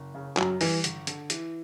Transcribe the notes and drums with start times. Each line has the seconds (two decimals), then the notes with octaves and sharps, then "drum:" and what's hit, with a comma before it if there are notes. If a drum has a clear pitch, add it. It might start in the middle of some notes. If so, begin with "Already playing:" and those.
Already playing: F#1
0.15 C#3
0.37 F#2 F#3, drum: clap
0.61 E3 G3, drum: open hi-hat
0.84 G1, drum: hi-hat
1.07 D3, drum: hi-hat
1.30 E3, drum: hi-hat